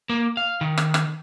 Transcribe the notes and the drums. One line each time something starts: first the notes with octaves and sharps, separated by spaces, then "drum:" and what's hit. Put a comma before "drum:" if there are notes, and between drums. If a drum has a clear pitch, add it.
A#3
F5
D#3
drum: rim click
drum: rim click